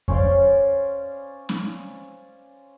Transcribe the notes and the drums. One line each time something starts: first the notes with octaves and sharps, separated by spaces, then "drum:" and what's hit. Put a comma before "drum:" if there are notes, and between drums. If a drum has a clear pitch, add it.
C#4 C5 D5 F5, drum: kick F2
drum: snare